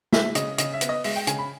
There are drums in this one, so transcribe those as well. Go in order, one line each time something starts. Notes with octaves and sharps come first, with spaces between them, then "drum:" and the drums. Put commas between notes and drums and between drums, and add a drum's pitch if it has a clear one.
G#3 E5, drum: snare
C#3 D#5, drum: hi-hat
C#3 D#5, drum: hi-hat
E5
B3, drum: hi-hat
D#5
G#3 E5, drum: open hi-hat
G5
C#3 G#5, drum: hi-hat
B5